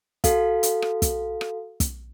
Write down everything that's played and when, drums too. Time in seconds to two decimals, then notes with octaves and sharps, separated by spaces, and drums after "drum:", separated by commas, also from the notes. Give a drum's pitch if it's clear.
0.24 F#4 A4 F5, drum: kick, hi-hat
0.63 drum: hi-hat
0.82 drum: rim click
1.02 drum: kick, hi-hat
1.41 drum: rim click
1.80 drum: kick, hi-hat